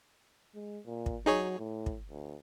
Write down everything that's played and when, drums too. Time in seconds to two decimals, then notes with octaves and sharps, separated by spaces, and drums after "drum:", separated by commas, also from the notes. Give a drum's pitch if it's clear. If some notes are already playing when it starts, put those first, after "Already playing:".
0.55 G#3
0.85 A#2
1.06 drum: kick
1.26 F#3 D#4 G#4 C#5
1.58 A2
1.86 drum: kick
2.10 D2